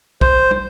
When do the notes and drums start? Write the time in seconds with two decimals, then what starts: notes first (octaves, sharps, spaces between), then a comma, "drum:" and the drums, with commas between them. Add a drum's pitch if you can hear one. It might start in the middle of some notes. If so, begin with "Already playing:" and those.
0.21 C5, drum: kick
0.51 drum: tom